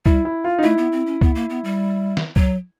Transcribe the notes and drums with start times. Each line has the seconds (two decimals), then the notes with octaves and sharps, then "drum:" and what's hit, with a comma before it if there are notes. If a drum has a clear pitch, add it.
0.06 G3 E4, drum: kick
0.25 E4
0.44 F4
0.59 D#4
0.63 A3 E4
0.78 B3
0.92 C4
1.07 C#4
1.21 B3, drum: kick
1.35 A#3
1.50 B3
1.64 G3
2.17 drum: snare
2.36 F#3, drum: kick